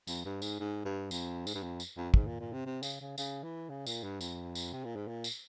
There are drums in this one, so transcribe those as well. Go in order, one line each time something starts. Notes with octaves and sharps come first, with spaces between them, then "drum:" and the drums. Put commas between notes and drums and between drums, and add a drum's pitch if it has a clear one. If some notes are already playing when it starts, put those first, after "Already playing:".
F2, drum: tambourine
G2
G#2, drum: tambourine
G#2
G2
F2, drum: tambourine
G#2, drum: tambourine
G2
F2
drum: tambourine
F2
G#2, drum: kick
A#2
A#2
C3
C3
C#3, drum: tambourine
C#3
C#3, drum: tambourine
E3
C#3
A#2, drum: tambourine
G2
F2, drum: tambourine
drum: tambourine
C3
A#2
G#2
A#2
drum: tambourine